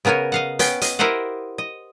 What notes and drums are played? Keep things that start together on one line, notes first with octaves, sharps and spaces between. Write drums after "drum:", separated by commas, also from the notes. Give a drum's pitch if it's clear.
C#3 B3 A#4 C#5 G#5
D#5 F5 F#5
B3 C#4 G5, drum: hi-hat
D#5, drum: hi-hat
E4 G4 A#4 C5 D#5 F#5
D#5